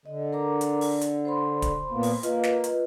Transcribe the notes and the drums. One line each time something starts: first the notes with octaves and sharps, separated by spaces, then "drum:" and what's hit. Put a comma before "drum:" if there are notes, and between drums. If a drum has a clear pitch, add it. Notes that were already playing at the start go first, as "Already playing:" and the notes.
D3 D#5
A#4 A#5 D6
drum: hi-hat
drum: open hi-hat
drum: hi-hat
C5 B5 C6
drum: kick, hi-hat
A#2 A#3 B3
drum: open hi-hat
A#3 F4 B4 D#5, drum: hi-hat
drum: snare
drum: hi-hat